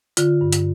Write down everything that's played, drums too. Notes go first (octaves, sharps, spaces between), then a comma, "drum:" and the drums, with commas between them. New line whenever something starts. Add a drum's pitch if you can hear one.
D3 F4, drum: hi-hat
G2
drum: hi-hat